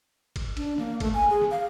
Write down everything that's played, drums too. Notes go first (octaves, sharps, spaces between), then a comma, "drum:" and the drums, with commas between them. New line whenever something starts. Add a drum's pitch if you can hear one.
drum: kick G#1, cymbal
D4, drum: cymbal
A#3, drum: snare
A3, drum: kick G#1, cymbal
G#5
G#4
drum: snare
F5